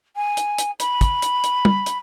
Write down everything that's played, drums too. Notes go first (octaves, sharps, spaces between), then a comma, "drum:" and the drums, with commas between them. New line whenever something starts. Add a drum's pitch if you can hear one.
G#5
drum: hi-hat
drum: hi-hat
B5, drum: hi-hat
drum: kick, hi-hat
drum: hi-hat
drum: hi-hat
drum: tom
drum: hi-hat